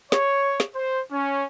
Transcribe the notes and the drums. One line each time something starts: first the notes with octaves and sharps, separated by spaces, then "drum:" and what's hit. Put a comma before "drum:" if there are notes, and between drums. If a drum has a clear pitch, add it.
C#5, drum: snare
drum: snare
C5
C#4